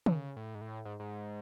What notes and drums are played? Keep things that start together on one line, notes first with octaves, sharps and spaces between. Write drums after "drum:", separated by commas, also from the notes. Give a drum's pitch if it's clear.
D3, drum: tom
C#3
A2
G#2
A2
G#2
G#2